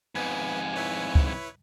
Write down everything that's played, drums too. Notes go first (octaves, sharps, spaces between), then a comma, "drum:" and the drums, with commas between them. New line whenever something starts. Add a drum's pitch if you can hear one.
F2 G#2 B3 B4 G#5
E4 B4 C#5
drum: kick